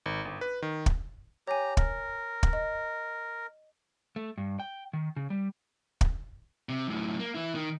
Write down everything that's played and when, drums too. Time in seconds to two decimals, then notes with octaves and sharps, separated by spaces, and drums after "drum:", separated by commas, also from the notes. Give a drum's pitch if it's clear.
0.06 G#1
0.25 G1
0.41 B4
0.62 D#3
0.86 drum: kick
1.47 G4 C#5 G#5 A#5
1.77 A#4, drum: kick
2.43 drum: kick
2.53 D#5
4.16 A3
4.38 G2
4.60 G5
4.93 D#3
5.16 C#3
5.30 G3
6.01 drum: kick
6.69 C3
6.88 F#2 A2
7.20 A#3
7.35 E3 E4
7.55 D#3